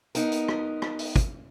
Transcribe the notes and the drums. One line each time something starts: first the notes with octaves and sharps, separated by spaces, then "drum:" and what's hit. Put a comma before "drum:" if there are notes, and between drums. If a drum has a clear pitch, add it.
B3 D#4 A#4, drum: hi-hat
drum: hi-hat
drum: rim click
drum: rim click
drum: open hi-hat
drum: kick, hi-hat